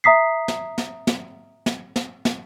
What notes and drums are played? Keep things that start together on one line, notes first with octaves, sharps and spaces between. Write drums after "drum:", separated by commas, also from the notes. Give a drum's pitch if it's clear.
E5 A#5 D#6 B6 C7
drum: snare
drum: snare
drum: snare
drum: snare
drum: snare
drum: snare